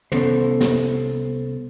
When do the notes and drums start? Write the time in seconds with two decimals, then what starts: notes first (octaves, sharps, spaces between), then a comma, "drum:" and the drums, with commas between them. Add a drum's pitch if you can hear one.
0.12 C2 B3 C#4 A4 C5, drum: tom
0.61 drum: snare